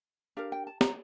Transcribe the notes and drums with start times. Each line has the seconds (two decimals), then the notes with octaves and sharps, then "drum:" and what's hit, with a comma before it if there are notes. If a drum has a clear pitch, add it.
0.37 D4 G4 A#4 F5
0.52 G5
0.67 A5
0.81 A#5, drum: snare